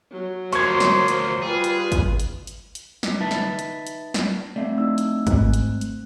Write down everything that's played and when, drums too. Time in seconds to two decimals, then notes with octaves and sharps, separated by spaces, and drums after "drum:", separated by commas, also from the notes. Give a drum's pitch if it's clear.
0.12 F#3
0.53 D2 F3 A#3 C5 C6 C#6 G#6, drum: hi-hat
0.80 drum: snare
1.08 drum: hi-hat
1.42 G3 F4 G#4 B4
1.64 drum: hi-hat
1.92 drum: kick, hi-hat
2.20 drum: hi-hat
2.47 drum: hi-hat
2.75 drum: hi-hat
3.03 drum: snare
3.21 D#4 B4 E5 A5 A6
3.31 drum: snare
3.59 drum: hi-hat
3.87 drum: hi-hat
4.14 drum: snare
4.56 A3 C4 D5 E5
4.78 D4 D#4 E6
4.98 drum: hi-hat
5.27 G#2 F#6, drum: kick, hi-hat
5.54 drum: hi-hat
5.81 drum: hi-hat